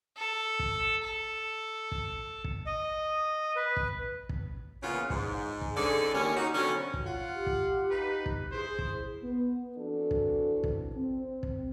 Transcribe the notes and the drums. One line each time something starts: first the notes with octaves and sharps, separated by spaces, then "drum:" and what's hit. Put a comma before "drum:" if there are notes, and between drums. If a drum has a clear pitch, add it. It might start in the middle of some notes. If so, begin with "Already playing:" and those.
A4
drum: kick
A4
drum: kick
drum: kick
D#5
B4
drum: kick
drum: kick
A#2 C#3 E3 B3 C#4 F4
G#2, drum: kick
drum: kick
G#2 D3 C#4 G#4 A4 D5
D#2 C#4
D#4 F#4
B2 D3 F#3 C4 C#4
drum: kick
F4 F#5
G4
drum: kick
D#4 B4
drum: kick
E4 G#4 C5
drum: kick
B3
E3 C4 D4 F#4 A4
drum: kick
drum: kick
C4
drum: kick